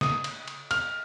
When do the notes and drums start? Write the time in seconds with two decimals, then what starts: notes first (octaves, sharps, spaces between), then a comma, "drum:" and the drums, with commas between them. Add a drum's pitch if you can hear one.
0.01 D#6, drum: snare
0.24 drum: cymbal
0.48 drum: cymbal
0.71 F6, drum: cymbal